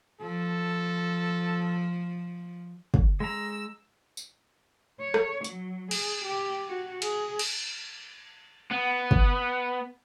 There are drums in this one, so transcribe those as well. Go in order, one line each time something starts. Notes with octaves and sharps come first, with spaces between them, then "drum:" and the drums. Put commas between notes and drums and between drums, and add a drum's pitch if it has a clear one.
F3 A4
drum: kick
G#3 A#5 E6
drum: tambourine
C#5
drum: rim click
F#3, drum: hi-hat
G#4, drum: cymbal
G4
F#4
G#4, drum: cymbal
drum: cymbal
B3
drum: kick